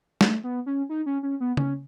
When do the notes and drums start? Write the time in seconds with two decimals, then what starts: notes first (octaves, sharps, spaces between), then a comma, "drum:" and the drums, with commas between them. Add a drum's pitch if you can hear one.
0.21 A3, drum: snare
0.44 B3
0.66 C#4
0.89 D#4
1.06 C#4
1.23 C#4
1.40 B3
1.57 C#4, drum: tom C#3